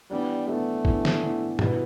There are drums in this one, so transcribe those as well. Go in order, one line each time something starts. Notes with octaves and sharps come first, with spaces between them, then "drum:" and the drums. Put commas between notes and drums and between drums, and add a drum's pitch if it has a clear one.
E3 G3 B3 D4
E3 A3 B3 D4
E3 B3 D4, drum: kick
drum: snare
E3 B3 D4
B2 G3 E4 B4, drum: tom